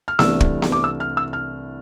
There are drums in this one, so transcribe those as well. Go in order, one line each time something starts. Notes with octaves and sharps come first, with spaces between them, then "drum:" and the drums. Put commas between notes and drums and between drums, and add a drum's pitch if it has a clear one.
F6
C2 C3 E3 A3 D4 E6, drum: snare B3
drum: kick
drum: snare B3
D6
E6
F6
E6
F6